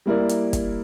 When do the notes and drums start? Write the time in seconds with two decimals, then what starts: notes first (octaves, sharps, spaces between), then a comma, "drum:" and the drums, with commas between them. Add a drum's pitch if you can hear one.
0.06 G3 A#3 E4 A#4 D5
0.29 drum: hi-hat
0.53 drum: kick, hi-hat